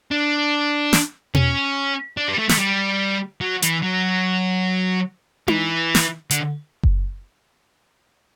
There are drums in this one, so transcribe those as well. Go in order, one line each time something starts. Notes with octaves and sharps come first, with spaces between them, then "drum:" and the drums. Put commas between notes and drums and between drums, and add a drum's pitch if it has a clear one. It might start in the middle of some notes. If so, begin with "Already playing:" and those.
D4
drum: snare
C#4, drum: tom
D4
G3
A3
A3, drum: snare
G3
F#3
E3, drum: hi-hat
F#3
E3, drum: tom D#4
drum: snare
D3, drum: hi-hat
drum: kick F#1